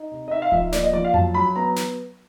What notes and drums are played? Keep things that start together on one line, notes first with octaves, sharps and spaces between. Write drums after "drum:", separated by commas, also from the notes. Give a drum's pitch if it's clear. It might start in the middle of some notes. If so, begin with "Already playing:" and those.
Already playing: D#4
C3
D#5
D#4 E5
F5
F3 E5, drum: kick D1
A#3 D5, drum: snare
D#5
F3 D5
F5
F#3 A5, drum: tom F2
F#3 B5
B3 A#5
drum: snare